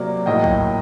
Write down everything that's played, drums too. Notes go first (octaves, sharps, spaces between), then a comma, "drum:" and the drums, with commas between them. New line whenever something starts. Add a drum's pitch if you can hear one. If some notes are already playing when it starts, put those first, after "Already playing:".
Already playing: C3 F#3 A#3 D5
A2 F#3 A#3 D#5 G5
drum: kick